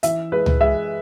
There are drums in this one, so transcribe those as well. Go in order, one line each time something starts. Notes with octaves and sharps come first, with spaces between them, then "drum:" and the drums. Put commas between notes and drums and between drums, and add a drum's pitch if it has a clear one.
E3 E5, drum: hi-hat
G#3 B4
drum: tom C#2
G#3 E5